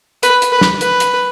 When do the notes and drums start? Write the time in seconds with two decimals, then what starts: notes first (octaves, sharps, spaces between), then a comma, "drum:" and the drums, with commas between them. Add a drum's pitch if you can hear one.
0.23 B4, drum: hi-hat
0.42 drum: hi-hat
0.52 B4
0.61 drum: snare
0.81 B4, drum: hi-hat
1.00 drum: hi-hat